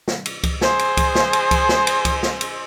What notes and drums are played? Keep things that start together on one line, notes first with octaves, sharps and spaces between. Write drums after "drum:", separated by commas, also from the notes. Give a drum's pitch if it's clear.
drum: snare
drum: cymbal
drum: kick C#2, cymbal
G#4 C5, drum: snare
drum: cymbal
drum: kick C#2, cymbal
drum: snare
drum: cymbal
drum: kick C#2, cymbal
drum: snare
drum: cymbal
drum: kick C#2, cymbal
drum: snare
drum: cymbal